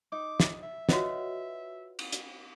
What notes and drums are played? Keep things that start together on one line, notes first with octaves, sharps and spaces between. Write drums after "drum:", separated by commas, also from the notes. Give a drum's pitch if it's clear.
D#4 D6
drum: snare
E5
F4 F#4 B4 C#5 D#5 F#5, drum: snare
drum: cymbal
drum: hi-hat